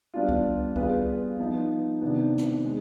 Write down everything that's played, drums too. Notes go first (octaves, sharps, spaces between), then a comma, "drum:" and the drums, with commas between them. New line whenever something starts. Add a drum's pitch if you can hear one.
G3 B3 D4 F4
drum: kick C2
G3 B3 F4 G#4 B4, drum: kick C2
F3 B3 D#4
C3 D#3 B3 D4
drum: snare
G#3